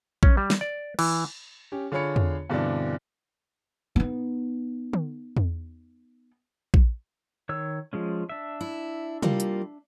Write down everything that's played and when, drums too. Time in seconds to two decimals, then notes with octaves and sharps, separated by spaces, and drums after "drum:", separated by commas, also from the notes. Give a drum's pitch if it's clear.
0.23 C#4, drum: kick A#1
0.37 G3
0.50 drum: snare
0.61 D5
0.99 E3, drum: cymbal
1.72 C#4 G4
1.92 D3 F4 G#4 C#5 B5 C#7
2.16 drum: tom E2
2.50 G2 B2 D3 E3 C4 D4
3.96 B3 D#4
4.93 drum: tom D3
5.37 drum: tom E2
6.74 drum: kick A#1
7.49 D#3 C#5 E6
7.93 F3 G#3 C#4
8.29 D4 E5
8.61 E4
9.23 G3 A#3 F4, drum: tom C3
9.40 drum: hi-hat